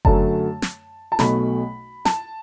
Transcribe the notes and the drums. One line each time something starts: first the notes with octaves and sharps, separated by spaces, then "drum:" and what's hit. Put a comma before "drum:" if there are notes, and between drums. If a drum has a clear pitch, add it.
F#2 D3 F#3 A3 A5, drum: kick F#1
drum: snare
A5
B1 B2 A3 B5, drum: snare
A5, drum: snare